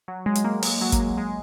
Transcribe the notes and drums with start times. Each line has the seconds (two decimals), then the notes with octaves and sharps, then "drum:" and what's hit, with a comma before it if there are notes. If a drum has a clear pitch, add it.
0.08 F#3
0.26 G#3
0.35 drum: hi-hat
0.44 A#3
0.63 G#3, drum: open hi-hat
0.81 F#3
0.92 A#3, drum: kick, hi-hat
1.00 G#3
1.17 G#3